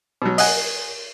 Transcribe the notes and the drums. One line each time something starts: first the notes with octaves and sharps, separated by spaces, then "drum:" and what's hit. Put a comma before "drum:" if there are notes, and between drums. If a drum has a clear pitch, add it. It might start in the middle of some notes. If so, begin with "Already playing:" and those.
B2 F#3
D#5 F#5 G#5, drum: open hi-hat